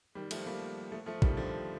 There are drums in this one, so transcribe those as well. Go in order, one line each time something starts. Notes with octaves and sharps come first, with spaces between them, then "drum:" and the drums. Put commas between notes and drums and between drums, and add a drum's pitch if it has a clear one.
D#3 G3
F3 A3, drum: cymbal
G3 A#3
F3 A3
F3 A3
D#3 G3, drum: kick
D3 F3